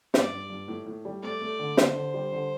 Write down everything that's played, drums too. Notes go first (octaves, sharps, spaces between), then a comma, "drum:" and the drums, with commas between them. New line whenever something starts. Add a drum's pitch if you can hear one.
G2 D5, drum: snare
G2
G2
A2
A2
G3
A3 D5
A3
D3
D3 C5, drum: snare
D3
G3
D3